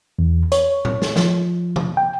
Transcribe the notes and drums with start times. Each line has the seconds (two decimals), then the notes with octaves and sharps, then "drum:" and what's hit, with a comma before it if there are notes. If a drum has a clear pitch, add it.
0.19 E2
0.52 C#5, drum: hi-hat
0.85 drum: tom A2
1.02 drum: snare
1.16 F3, drum: snare
1.76 drum: tom C3
1.97 G5